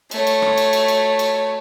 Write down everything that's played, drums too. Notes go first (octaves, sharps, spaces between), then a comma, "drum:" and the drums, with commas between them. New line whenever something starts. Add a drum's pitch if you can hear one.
A3 C#5, drum: cymbal
drum: cymbal
drum: rim click
drum: cymbal
drum: cymbal
drum: cymbal
drum: cymbal